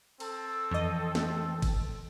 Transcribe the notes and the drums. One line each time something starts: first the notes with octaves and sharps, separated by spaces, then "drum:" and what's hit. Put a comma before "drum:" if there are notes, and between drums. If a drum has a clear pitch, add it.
C4 A4, drum: cymbal
F2 E3 D#5
drum: snare
drum: kick G1, cymbal